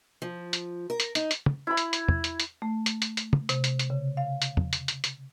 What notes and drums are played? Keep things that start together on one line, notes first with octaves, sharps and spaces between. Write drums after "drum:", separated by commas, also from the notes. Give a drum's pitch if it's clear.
F3
drum: hi-hat
A#4
drum: hi-hat
D#4, drum: hi-hat
drum: hi-hat
drum: tom
E4 B5
drum: hi-hat
drum: hi-hat
drum: tom
drum: hi-hat
drum: hi-hat
A3
drum: hi-hat
drum: hi-hat
drum: hi-hat
drum: tom
C3, drum: hi-hat
drum: hi-hat
drum: hi-hat
C#3
F5
drum: hi-hat
drum: tom
drum: hi-hat
drum: hi-hat
drum: hi-hat